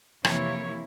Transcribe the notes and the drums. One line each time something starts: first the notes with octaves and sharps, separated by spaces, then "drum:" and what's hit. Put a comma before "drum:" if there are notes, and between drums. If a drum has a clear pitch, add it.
F2 C3 E3 A#3 E4 C#5, drum: rim click